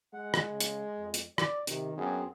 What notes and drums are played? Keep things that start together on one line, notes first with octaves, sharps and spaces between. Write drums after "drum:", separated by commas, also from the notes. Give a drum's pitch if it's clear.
G#3 F#5
drum: rim click
C#3
drum: hi-hat
F2
drum: hi-hat
D5, drum: rim click
C3 D#3, drum: hi-hat
F#2 B3 C4 G#4